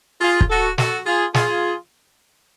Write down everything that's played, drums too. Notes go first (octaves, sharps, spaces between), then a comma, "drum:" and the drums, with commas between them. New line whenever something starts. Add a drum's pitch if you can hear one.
F4 G#4
drum: kick
F#4 A4
F#4 A4, drum: snare
F4 G#4
F4 G#4, drum: snare